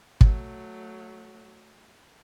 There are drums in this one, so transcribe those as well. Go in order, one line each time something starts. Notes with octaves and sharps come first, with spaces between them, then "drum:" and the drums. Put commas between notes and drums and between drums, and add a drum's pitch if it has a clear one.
F#3 A3, drum: kick